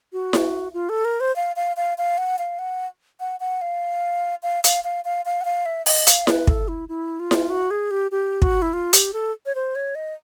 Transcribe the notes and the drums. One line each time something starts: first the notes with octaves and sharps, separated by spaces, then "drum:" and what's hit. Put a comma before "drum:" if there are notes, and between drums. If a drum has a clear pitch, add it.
F#4
drum: snare E4
F4
A4
A#4
C5
F5
F5
F5
F5
F#5
F5
F#5
F#5
F#5
F5
F5
F5, drum: hi-hat
F5
F5
F5
F#5
F5
E5
D#5, drum: open hi-hat
F5, drum: hi-hat
B4, drum: snare E4
A4, drum: kick
E4
E4
F4
drum: snare E4
F#4
G#4
G4
G4
F#4, drum: kick
E4
F4
G4, drum: hi-hat
A4
C#5
C5
C#5
D#5